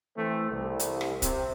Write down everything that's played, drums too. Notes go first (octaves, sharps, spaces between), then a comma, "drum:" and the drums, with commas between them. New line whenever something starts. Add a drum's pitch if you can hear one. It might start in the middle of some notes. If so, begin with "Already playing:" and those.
E3 A3 C4
C2
drum: hi-hat
drum: rim click
C3, drum: kick, hi-hat